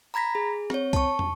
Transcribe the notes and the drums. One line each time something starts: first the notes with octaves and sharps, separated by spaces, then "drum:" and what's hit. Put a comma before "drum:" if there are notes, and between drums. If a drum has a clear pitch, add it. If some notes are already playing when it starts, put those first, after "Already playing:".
A#5 B5 G#6 A#6 B6
G#4
C4 C#5, drum: rim click
A5 C#6, drum: kick, hi-hat
drum: tom